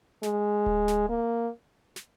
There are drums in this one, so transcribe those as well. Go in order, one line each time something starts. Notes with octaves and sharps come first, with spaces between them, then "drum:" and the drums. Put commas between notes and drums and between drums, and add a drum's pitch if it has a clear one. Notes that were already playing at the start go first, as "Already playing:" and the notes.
G#3, drum: snare
drum: kick D1
drum: snare
A#3
drum: snare